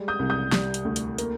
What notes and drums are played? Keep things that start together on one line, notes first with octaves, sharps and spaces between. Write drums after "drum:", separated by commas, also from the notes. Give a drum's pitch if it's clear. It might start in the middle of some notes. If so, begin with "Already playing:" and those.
Already playing: G3 G#3
D#6 G6
C2
D#6 G6
G3, drum: snare
drum: hi-hat
D2
drum: hi-hat
A#3, drum: hi-hat